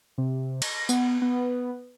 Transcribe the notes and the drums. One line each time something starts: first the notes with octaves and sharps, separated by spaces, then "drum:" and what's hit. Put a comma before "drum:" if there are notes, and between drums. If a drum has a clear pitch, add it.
C3
A#6, drum: cymbal
B3, drum: tambourine
B3